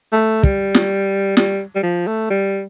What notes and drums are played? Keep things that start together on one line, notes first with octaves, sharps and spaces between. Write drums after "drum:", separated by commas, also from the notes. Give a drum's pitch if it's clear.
A3
G3, drum: kick
drum: snare
G3, drum: snare
G3
F3
A3
G3